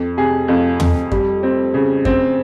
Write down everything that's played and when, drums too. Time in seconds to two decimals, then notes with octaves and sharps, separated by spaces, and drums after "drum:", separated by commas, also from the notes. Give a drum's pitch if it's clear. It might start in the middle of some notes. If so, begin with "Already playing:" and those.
Already playing: F2
0.17 C3 G#4
0.48 F2 F4
0.80 F2, drum: tom
1.12 G3, drum: kick F#2
1.43 C4
1.74 C#3
2.05 C4, drum: kick F#2